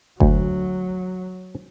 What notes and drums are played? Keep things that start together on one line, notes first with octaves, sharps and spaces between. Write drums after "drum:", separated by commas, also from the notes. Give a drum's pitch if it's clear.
D2 F#3, drum: kick F#1